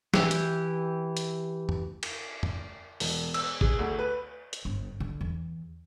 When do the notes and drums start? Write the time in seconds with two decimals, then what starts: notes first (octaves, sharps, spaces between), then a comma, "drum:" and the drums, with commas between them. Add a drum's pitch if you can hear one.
0.14 E3 G4, drum: snare
0.31 drum: hi-hat
1.17 drum: hi-hat
1.69 drum: tom F2
2.03 drum: cymbal
2.43 drum: tom F2
3.00 E1, drum: open hi-hat
3.34 E6, drum: cymbal
3.61 G#4, drum: kick A1
3.79 D2
3.99 B4
4.53 drum: hi-hat
4.65 G1
5.00 D3
5.21 E2